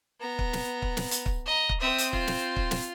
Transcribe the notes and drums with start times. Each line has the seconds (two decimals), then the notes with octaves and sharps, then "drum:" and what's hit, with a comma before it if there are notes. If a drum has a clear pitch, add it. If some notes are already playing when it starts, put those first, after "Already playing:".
0.20 B3 A#5
0.39 drum: kick
0.53 drum: snare
0.82 drum: kick
0.97 drum: snare
1.11 drum: hi-hat
1.26 drum: kick
1.46 D#5 A#5
1.69 drum: kick
1.81 C4 C5 E5 D#6
1.98 drum: hi-hat
2.13 F4, drum: kick
2.27 drum: snare
2.56 drum: kick
2.71 drum: snare